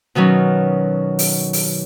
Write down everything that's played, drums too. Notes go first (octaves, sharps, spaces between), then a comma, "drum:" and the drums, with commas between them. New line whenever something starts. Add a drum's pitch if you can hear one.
B2 D#3 F#3 C#4
drum: open hi-hat
drum: open hi-hat